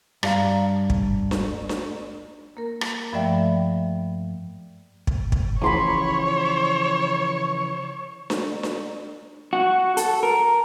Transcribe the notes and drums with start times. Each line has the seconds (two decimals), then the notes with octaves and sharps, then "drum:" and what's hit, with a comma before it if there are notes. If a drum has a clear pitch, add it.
0.23 G2 D5 F5 A#5, drum: rim click
0.90 drum: kick
1.31 drum: snare D4
1.69 drum: snare D4
2.57 A#3 A#4
2.81 drum: rim click
3.13 G2 F3 A3 D5 E5 G5
5.07 drum: kick
5.32 drum: kick
5.62 C#3 E3 F3 C#5 B5 C6 D6
8.30 drum: snare D4
8.63 drum: snare D4
9.53 F#4
9.97 A4, drum: hi-hat
10.23 A#4